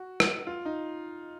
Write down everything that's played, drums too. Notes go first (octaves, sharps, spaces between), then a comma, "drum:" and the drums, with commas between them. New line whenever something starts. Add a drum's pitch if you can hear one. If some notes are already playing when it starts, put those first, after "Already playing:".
Already playing: F#4
drum: rim click
F4
D#4